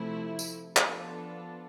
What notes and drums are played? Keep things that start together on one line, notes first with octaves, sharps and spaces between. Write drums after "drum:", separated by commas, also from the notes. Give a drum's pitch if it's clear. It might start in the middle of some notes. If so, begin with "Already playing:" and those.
Already playing: C3 F3 A3 E4
drum: tambourine
F3 B3 D4 F4 A4, drum: clap